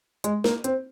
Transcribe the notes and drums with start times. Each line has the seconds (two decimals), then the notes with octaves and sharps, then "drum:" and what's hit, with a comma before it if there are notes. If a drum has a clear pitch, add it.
0.24 G#3, drum: hi-hat
0.44 A#3, drum: snare
0.64 C4, drum: hi-hat